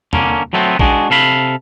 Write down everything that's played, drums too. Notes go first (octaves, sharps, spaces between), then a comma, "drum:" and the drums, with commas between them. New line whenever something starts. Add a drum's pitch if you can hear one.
D3 A#3 C#4, drum: tom E2
F#3 A3 B3 C4
G#3 D4 F#4 G#4, drum: kick
C3 A4 F5 B5